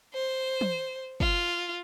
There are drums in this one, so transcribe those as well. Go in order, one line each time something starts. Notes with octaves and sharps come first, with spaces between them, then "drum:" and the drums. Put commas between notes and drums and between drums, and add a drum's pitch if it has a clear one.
C5
drum: tom
F4, drum: kick